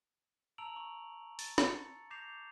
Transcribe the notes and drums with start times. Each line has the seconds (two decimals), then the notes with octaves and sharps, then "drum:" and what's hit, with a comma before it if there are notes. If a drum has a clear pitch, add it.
0.58 A5 A#5 E6 D7 F7 F#7
0.76 C#6
1.39 A6, drum: open hi-hat
1.58 drum: snare
1.67 C#7
2.10 D6 G6 A#6 C7 E7 F7